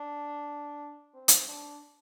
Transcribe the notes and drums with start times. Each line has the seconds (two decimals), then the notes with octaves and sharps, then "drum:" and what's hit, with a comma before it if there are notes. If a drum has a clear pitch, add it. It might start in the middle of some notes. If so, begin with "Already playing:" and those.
Already playing: D4
1.14 C4
1.28 drum: hi-hat
1.48 D4